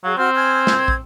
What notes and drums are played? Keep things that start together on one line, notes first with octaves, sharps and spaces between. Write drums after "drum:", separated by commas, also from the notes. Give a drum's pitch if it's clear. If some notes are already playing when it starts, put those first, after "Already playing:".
F#3 G#4 F5
C4 F#4 F6
G#5 F6 G#6
drum: snare
G#6
drum: kick